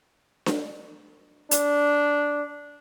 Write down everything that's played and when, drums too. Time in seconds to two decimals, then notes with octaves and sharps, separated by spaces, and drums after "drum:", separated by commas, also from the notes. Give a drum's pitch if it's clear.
0.46 drum: snare D4
1.51 D4, drum: hi-hat